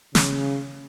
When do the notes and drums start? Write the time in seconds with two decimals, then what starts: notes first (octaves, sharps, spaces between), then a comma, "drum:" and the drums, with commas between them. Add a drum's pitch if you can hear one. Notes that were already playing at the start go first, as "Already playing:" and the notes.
0.15 C#3, drum: snare